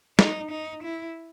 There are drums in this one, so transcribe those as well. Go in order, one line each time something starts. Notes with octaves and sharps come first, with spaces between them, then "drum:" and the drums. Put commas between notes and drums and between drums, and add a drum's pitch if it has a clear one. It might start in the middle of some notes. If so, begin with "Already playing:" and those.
D#4, drum: snare
D#4
E4